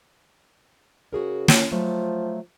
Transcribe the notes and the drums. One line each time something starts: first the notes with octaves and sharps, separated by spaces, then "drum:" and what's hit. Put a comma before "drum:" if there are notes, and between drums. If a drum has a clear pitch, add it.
C#3 F#4 G#4 A#4
C#4, drum: snare
F3 F#3 A3